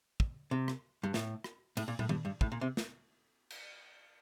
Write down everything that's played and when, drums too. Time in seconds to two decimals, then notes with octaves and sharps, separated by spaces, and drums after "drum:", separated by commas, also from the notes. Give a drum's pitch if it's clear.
0.20 drum: kick
0.51 C3
0.68 drum: rim click
1.03 G2
1.14 A2, drum: snare
1.44 drum: rim click
1.77 A2, drum: cymbal
1.88 A#2
1.99 A2, drum: tom
2.09 G2, drum: tom D#3
2.25 G2
2.41 A2, drum: kick
2.52 A#2
2.61 C3
2.77 drum: snare
3.50 drum: cymbal